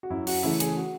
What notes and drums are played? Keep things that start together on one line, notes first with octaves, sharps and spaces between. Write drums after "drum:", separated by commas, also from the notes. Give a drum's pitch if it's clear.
F#4
F#2 E4
F#4, drum: open hi-hat
C#3 E3 A3 E4
G#4, drum: hi-hat
F#4